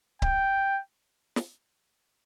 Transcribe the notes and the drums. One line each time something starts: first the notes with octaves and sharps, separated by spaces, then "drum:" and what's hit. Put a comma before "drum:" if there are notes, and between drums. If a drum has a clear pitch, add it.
G5, drum: kick C#1
drum: snare